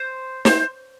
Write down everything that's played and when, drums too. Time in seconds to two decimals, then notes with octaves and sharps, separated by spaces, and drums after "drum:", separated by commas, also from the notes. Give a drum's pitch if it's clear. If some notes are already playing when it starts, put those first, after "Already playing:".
Already playing: C5
0.45 C5, drum: snare